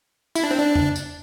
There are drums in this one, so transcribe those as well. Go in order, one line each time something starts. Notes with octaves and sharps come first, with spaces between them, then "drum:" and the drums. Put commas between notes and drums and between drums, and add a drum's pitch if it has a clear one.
E4, drum: tambourine
D4
C4
D4
drum: tom E2
drum: tambourine